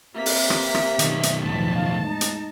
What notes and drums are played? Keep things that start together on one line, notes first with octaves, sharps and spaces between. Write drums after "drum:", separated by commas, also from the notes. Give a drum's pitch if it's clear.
A#3 C4 G4 E5 B6
drum: open hi-hat
drum: rim click
drum: rim click
B1 D#3, drum: hi-hat
drum: hi-hat
E2 A2 F3 A5 B6
F5
G#3 D#4
drum: hi-hat